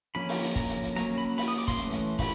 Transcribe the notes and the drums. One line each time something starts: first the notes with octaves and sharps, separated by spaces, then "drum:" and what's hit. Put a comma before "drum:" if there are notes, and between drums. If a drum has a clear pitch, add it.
D3 F3 A#3 C#4 B5, drum: snare
drum: open hi-hat
drum: hi-hat
A#5, drum: kick, hi-hat
drum: hi-hat
drum: hi-hat
F#3 A#3 C#4 A#5, drum: hi-hat
B5
B5, drum: open hi-hat
D#6
D6
C6, drum: kick, hi-hat
E3 A3 C#4, drum: hi-hat
drum: hi-hat
B5, drum: kick, open hi-hat